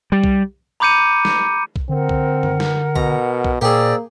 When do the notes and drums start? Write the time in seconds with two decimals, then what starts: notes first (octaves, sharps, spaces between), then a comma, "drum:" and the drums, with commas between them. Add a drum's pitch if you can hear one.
0.12 G3
0.24 drum: kick B1
0.80 A#5 B5 D6 G6 C#7 D#7
1.25 drum: snare
1.76 drum: kick B1
1.89 D3 C4 A#4 F#5
2.09 drum: kick B1
2.43 drum: tom
2.60 drum: snare
2.96 B2 A#5, drum: kick B1
3.45 drum: kick B1
3.61 A#2 A#3 G4 G#4 C5 D5 E6